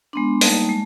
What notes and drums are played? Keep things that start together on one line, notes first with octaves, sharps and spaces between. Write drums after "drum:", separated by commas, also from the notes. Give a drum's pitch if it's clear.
G#3 B3 D4 C6
G3 A#3 D#4 A5, drum: open hi-hat
G#3